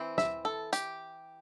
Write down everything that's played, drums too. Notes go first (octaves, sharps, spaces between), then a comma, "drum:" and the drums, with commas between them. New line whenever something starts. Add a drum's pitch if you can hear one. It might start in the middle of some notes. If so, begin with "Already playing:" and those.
Already playing: E3 C4
E5, drum: snare
A4
G4, drum: hi-hat